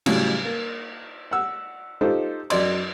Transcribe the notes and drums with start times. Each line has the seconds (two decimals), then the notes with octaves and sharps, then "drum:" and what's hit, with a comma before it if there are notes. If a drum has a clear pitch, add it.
0.06 A2 C#3 F#3 G3, drum: cymbal
0.44 A#3
1.31 F#5 E6
2.01 D#4 F4 G4 A4 C5
2.50 F#2 D5 D#5 C6, drum: cymbal